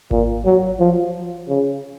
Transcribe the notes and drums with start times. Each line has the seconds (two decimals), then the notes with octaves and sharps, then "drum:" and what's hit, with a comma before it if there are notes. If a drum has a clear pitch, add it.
0.11 A#2, drum: kick G#1
0.45 F#3
0.80 F3
1.49 C#3